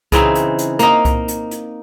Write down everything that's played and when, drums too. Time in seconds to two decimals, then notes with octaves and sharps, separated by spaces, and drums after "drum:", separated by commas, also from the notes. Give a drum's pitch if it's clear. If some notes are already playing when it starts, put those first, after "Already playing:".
0.12 C#3 E3 C4 D#4, drum: kick C2, hi-hat
0.35 drum: hi-hat
0.59 drum: hi-hat
0.79 A#3 D#4, drum: hi-hat
1.05 drum: kick C2, hi-hat
1.28 drum: hi-hat
1.51 drum: hi-hat